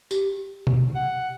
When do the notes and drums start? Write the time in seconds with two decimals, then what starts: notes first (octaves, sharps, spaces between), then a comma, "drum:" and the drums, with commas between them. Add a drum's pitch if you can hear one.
0.11 G4, drum: tambourine
0.67 drum: tom
0.95 F#5